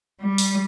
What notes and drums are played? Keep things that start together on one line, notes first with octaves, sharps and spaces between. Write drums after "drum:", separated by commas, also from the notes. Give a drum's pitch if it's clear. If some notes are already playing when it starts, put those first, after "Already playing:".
G3
drum: open hi-hat